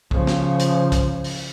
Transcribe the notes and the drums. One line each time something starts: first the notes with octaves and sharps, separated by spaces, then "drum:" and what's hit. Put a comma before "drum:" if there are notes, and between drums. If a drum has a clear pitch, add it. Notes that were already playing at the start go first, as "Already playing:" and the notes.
C#3 F3, drum: kick
drum: snare
drum: hi-hat
drum: kick, hi-hat
drum: open hi-hat